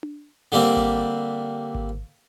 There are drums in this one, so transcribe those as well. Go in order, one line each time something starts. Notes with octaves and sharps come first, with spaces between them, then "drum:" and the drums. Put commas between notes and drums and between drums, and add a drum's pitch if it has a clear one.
drum: tom D4
D3 G3 A#3 C4
drum: kick G#1
drum: kick G#1